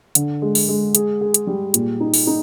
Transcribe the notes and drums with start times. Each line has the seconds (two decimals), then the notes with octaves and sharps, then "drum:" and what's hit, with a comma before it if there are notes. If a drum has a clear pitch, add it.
0.15 D3, drum: hi-hat
0.42 G#3
0.55 drum: open hi-hat
0.69 G#3
0.95 G#4, drum: hi-hat
1.21 G#4
1.34 drum: hi-hat
1.47 G3
1.74 A#2, drum: hi-hat
2.00 D#4
2.14 drum: open hi-hat
2.27 D#4